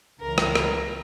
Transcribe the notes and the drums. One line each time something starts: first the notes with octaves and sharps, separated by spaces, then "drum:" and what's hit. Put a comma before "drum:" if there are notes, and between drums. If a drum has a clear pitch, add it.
C#2 C#3 E3 A#4
drum: rim click
drum: rim click